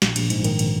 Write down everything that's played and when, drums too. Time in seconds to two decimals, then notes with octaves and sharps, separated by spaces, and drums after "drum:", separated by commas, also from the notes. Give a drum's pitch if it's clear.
0.02 A#1, drum: snare
0.16 A#1, drum: cymbal
0.30 G#2, drum: cymbal
0.44 D#3, drum: cymbal
0.59 drum: cymbal